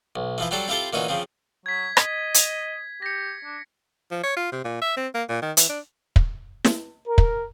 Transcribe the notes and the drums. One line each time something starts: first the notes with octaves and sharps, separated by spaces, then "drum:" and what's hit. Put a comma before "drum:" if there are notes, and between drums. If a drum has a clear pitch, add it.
B1
E3 F3 E4
F#3 G3 F#4 G4 A4 C5
C4 E4 F4 G4 A4 C5
A#2 E3 C#4 D#4 F#4
C#3 F3 C4
F#3 G#6 B6
D#5, drum: rim click
drum: hi-hat
G4 A#6 C#7
D4
F3
C#5
F4
C3
A#2
E5
C4
A#3
A#2
D#3
E3, drum: hi-hat
D4
drum: kick
drum: snare
A#4
drum: kick